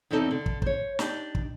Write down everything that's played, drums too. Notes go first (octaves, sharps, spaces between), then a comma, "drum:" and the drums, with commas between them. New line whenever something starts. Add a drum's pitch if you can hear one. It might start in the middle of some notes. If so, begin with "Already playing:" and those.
E2 C3 C4 D#4 A4
D3
drum: kick
C5 C#5, drum: kick
D4 D#4 G4, drum: snare
drum: kick